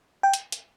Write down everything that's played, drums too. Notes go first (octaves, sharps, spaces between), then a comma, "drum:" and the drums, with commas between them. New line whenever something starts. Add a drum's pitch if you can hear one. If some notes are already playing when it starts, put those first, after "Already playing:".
G5
drum: hi-hat
drum: hi-hat